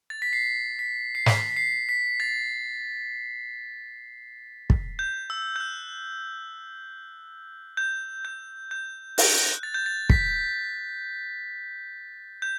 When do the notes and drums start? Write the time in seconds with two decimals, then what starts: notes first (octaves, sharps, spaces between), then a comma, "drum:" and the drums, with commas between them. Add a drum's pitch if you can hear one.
0.10 A6
0.22 B6
0.33 C7
0.79 B6
1.15 C7
1.26 B6, drum: snare
1.50 B6
1.57 C7
1.89 B6
2.20 A6
4.70 drum: kick
4.99 G6
5.30 E6
5.56 G6
5.60 F#6
7.77 G6
8.25 G6
8.71 G6
9.18 F#6, drum: open hi-hat
9.63 A6
9.74 G6
9.86 A6
10.10 B6, drum: kick
12.42 G6